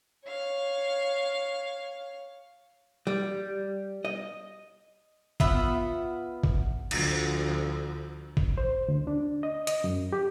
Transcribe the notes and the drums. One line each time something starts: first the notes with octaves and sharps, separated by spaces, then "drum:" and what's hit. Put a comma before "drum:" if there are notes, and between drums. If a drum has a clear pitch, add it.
C#5 F5
G3
D#5
B3 F4 E5 F#5, drum: kick A1
drum: kick A1
D2 F3, drum: cymbal
drum: kick A1
C5
D2
D4
D#5
D#5, drum: hi-hat
F#2
G4